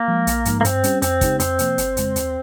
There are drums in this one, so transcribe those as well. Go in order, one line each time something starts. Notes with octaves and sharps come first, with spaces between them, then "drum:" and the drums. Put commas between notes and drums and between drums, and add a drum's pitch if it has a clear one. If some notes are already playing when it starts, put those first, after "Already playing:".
Already playing: A#3
F3 G#3
A#1, drum: hi-hat
G#2 F3 G#3 D#4, drum: hi-hat
A#3
G2 C4, drum: hi-hat
G3 C#4 G4, drum: hi-hat
F2 C4, drum: hi-hat
C#3 G#3 D#4 G4, drum: kick, hi-hat
F2 C4, drum: hi-hat
C3 F3 A#3, drum: hi-hat
G1, drum: hi-hat
F2 C#3 G#3, drum: hi-hat
D#2, drum: hi-hat